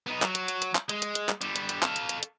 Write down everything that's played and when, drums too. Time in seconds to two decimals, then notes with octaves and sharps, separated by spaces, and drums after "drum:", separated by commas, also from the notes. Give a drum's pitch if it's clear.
0.07 B3 D#4
0.22 F#3, drum: clap
0.35 drum: hi-hat
0.48 drum: hi-hat
0.62 drum: hi-hat
0.75 drum: clap
0.89 G#3, drum: hi-hat
1.02 drum: hi-hat
1.15 drum: hi-hat
1.29 drum: clap
1.42 D3 G3, drum: hi-hat
1.56 drum: hi-hat
1.69 drum: hi-hat
1.82 A4 F5, drum: clap
1.96 drum: hi-hat
2.09 drum: hi-hat
2.23 drum: hi-hat